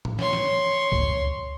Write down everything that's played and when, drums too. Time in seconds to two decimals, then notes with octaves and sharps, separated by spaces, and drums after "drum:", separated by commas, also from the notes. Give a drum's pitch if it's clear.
0.05 drum: tom
0.19 C#5 C6, drum: snare
0.33 drum: snare
0.92 drum: kick C#2